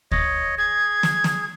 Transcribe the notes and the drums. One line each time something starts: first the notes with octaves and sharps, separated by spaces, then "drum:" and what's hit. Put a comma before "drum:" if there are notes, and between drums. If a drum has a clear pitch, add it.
C#5 D#5, drum: kick D2
G#4 G#6
drum: snare
drum: snare